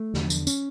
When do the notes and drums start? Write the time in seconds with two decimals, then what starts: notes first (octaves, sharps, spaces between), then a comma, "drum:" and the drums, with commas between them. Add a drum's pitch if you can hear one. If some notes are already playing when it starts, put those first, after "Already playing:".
Already playing: A3
0.14 E2 D3, drum: snare
0.30 drum: tambourine
0.47 C#4, drum: tambourine